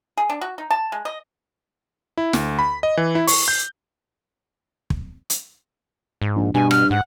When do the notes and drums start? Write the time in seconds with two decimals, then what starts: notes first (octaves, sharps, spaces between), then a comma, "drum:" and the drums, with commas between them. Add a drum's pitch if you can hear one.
0.18 G#4
0.30 D4
0.41 F#4
0.58 D#4
0.71 A5
0.92 G#3
1.05 D#5
2.17 E4
2.33 D2, drum: snare
2.59 B5
2.83 D#5
2.97 E3
3.15 E4
3.27 C#6, drum: open hi-hat
3.48 G6
4.90 drum: kick
5.30 drum: hi-hat
6.22 G#2
6.36 A#1
6.54 G2 B2 G#5
6.71 F6, drum: rim click
6.91 G#2 F#5